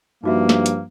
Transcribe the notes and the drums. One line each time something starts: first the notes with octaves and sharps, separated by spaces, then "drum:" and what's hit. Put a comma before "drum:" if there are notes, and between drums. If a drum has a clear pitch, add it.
G2 F3 A#3 D#4 F#4 E5
drum: snare
drum: hi-hat